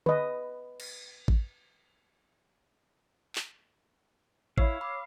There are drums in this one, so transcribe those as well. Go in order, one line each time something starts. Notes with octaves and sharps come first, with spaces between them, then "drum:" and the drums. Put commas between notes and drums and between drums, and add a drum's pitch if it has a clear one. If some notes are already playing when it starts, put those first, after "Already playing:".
B4 D#5, drum: tom D3
drum: cymbal
drum: kick A1
drum: clap
E4 C#5 F5 E6, drum: kick A1
B5 D6